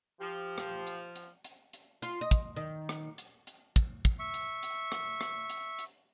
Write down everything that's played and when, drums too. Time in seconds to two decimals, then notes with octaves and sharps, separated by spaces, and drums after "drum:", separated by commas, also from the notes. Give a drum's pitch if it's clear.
0.20 F3 G4
0.58 drum: rim click
0.87 drum: hi-hat
1.16 drum: hi-hat
1.45 drum: hi-hat
1.73 drum: hi-hat
2.02 F4, drum: hi-hat
2.21 D#5
2.31 drum: kick, hi-hat
2.56 D#3
2.89 drum: rim click
3.18 drum: hi-hat
3.47 drum: hi-hat
3.76 drum: kick, hi-hat
4.05 drum: kick, hi-hat
4.19 E5 C#6
4.34 drum: hi-hat
4.63 drum: hi-hat
4.92 drum: rim click
5.21 drum: rim click
5.50 drum: hi-hat
5.79 drum: hi-hat